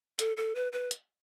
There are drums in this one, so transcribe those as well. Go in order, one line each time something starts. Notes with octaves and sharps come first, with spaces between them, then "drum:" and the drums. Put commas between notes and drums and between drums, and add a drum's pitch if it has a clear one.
A4, drum: hi-hat
A4
B4
B4
drum: hi-hat